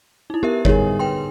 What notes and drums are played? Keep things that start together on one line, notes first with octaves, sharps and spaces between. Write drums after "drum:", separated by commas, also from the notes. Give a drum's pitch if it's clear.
D#4 E4
B3 G4 A#4 E5
D3 G3 D#4 G#4 A#4 C#5, drum: kick G1
B4 G5 C6